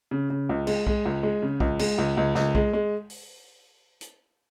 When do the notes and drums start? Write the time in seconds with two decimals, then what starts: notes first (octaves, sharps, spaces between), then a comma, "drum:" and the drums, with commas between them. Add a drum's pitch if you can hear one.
0.11 C#3
0.30 C#3
0.49 C#2
0.67 G#3, drum: cymbal
0.87 G#3, drum: kick B1
1.05 C#2
1.23 G#3
1.42 C#3
1.60 C#2, drum: kick B1
1.79 G#3, drum: cymbal
1.98 C#2
2.17 C#2
2.35 C#2, drum: snare
2.55 G#3, drum: kick B1
2.73 G#3
3.10 drum: open hi-hat
4.01 drum: hi-hat